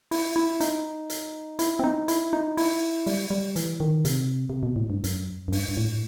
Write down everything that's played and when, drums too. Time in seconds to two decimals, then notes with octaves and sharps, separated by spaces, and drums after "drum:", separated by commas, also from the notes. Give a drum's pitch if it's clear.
0.11 E4, drum: open hi-hat
0.36 E4
0.60 D#4, drum: hi-hat
1.10 drum: hi-hat
1.59 E4, drum: hi-hat
1.79 C4
1.84 D#4
2.08 E4, drum: hi-hat
2.33 D#4
2.57 E4, drum: open hi-hat
3.07 G3, drum: open hi-hat
3.30 G3
3.56 E3, drum: hi-hat
3.80 D#3
4.05 C3, drum: hi-hat
4.50 C3
4.63 B2
4.76 A2
4.90 G2
5.04 F#2, drum: hi-hat
5.48 F#2
5.52 G2, drum: open hi-hat
5.69 G2
5.77 A2